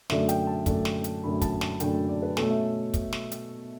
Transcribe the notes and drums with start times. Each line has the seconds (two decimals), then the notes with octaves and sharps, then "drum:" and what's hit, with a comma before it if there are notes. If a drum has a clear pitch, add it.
0.10 F#2 D3 A3 D4 E5, drum: snare
0.29 G5, drum: hi-hat
0.47 A5
0.66 F#2 D3 A3 D4, drum: kick, hi-hat
0.85 drum: snare
1.04 drum: hi-hat
1.23 F#2 D3 A3 D4 B5
1.42 A5, drum: kick, hi-hat
1.61 A5, drum: snare
1.80 F#2 D3 A3 D4 G5, drum: hi-hat
2.09 D5
2.22 B4
2.37 B2 A3 C#4 A4, drum: snare
2.50 E5
2.94 drum: kick, hi-hat
3.13 drum: snare
3.32 drum: hi-hat